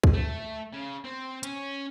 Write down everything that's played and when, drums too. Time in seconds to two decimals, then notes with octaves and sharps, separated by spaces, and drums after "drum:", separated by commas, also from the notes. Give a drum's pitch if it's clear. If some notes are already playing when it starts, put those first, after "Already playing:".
0.04 drum: kick
0.13 A3
0.73 C#3
1.04 C4
1.43 C#4, drum: hi-hat